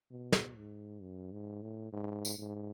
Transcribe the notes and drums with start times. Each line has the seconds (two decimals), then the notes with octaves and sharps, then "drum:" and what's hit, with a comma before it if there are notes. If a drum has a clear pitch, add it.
0.11 B2
0.32 drum: snare
0.57 G#2
1.02 F#2
1.32 G#2
1.62 A2
1.92 G#2
2.25 drum: tambourine
2.38 G#2